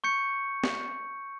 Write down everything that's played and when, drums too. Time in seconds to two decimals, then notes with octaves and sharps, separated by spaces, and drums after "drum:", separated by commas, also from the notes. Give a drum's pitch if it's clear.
0.04 C#6 G6 C#7
0.64 drum: snare